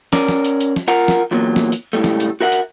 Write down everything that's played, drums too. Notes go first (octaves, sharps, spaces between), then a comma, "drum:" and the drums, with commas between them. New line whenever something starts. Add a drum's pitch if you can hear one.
C#4 A#4 D5, drum: snare
drum: snare
drum: hi-hat
drum: hi-hat
drum: snare
F4 A#4 F#5 A#5
drum: snare
E2 A#2 F#3
drum: snare
drum: hi-hat
C#2 A2 C3 G3 A3
drum: snare
drum: hi-hat
F#4 A#4 E5 F#5
drum: hi-hat